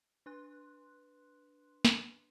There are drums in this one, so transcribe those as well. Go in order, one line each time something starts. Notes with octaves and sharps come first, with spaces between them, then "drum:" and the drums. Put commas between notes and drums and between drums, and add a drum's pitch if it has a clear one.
D4 B4 C6 F#6
drum: snare